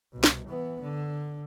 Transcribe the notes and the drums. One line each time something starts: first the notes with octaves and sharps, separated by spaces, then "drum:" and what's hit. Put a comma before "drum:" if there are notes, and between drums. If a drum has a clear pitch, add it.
C2 B2
drum: snare
E3 B3
D3